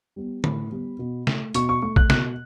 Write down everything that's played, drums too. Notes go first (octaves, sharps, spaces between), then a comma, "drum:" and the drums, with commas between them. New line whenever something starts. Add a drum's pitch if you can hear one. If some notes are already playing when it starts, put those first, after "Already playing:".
G3 B3
A2 B5, drum: tom D3
G3 B3
B2
A3, drum: snare
B2 C#6, drum: hi-hat
C#6
A3 C#6
F#6, drum: kick A#1
B2 F#6, drum: snare